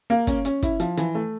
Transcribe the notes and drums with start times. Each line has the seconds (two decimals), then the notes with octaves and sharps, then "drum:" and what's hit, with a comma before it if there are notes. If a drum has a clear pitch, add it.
0.10 A#3
0.27 C#4, drum: kick, hi-hat
0.45 C#4, drum: hi-hat
0.63 E4, drum: kick, hi-hat
0.80 F3, drum: hi-hat
0.97 E3, drum: hi-hat
1.15 A3